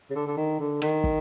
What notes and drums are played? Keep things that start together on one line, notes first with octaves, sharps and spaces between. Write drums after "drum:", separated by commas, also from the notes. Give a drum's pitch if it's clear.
C#3
D3
D3
D#3
D3
D#3, drum: rim click
drum: kick